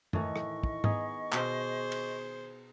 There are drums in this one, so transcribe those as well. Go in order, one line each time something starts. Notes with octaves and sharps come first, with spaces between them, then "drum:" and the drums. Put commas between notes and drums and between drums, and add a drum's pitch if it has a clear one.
A2 D#3 E3 D#5 C#6, drum: tom F#2
drum: rim click
drum: kick
B3 D#4 G#4, drum: tom G#2
B2 G#4 C5, drum: clap
drum: cymbal